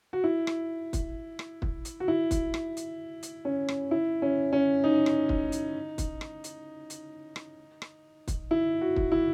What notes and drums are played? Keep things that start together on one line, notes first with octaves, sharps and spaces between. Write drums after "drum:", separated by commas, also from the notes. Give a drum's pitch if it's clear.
F#4
E4
drum: rim click
drum: kick, hi-hat
drum: rim click
drum: kick
drum: hi-hat
F#4
E4
drum: kick, hi-hat
drum: rim click
drum: hi-hat
drum: hi-hat
C#4
drum: rim click
E4
C#4
C#4
D#4
drum: rim click
drum: kick
drum: hi-hat
drum: kick, hi-hat
drum: rim click
drum: hi-hat
drum: hi-hat
drum: rim click
drum: rim click
drum: kick, hi-hat
E4
F#4
drum: kick
E4